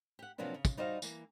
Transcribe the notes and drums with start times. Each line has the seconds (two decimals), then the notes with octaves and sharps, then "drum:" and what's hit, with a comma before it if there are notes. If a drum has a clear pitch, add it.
0.19 G4 F#5
0.38 C3 F3 F#3 A#3 B3 D4
0.54 C#3
0.65 drum: kick, tambourine
0.77 G3 D#4 F#4 C5 F5
1.02 E3 A#3, drum: tambourine